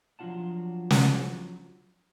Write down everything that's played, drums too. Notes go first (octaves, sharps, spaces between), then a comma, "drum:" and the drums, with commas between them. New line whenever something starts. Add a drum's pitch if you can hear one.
F3 F#3 D4 F4 F#5 A5
drum: snare